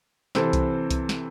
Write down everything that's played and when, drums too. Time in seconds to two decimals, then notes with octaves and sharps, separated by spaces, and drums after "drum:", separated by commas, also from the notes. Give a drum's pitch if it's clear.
0.35 C3 E3 C4 A4 C5, drum: snare
0.53 drum: kick C2, hi-hat
0.90 drum: kick C2, hi-hat
1.09 drum: snare